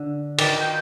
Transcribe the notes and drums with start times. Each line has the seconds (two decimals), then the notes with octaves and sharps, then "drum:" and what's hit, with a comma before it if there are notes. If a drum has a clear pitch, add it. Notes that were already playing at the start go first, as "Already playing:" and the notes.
Already playing: D3
0.38 D#3 D5, drum: cymbal
0.60 G5